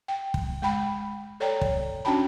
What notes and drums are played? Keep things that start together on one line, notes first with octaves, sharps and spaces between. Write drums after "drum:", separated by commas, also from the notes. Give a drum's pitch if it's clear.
G5
drum: kick
G#3 G5 B5
A4 C#5 D5 G5 A#5
drum: kick
C#4 D4 F#4 G5 A5 B5